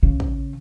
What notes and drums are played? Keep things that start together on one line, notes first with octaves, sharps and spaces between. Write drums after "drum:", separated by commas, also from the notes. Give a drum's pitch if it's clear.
C#3
drum: kick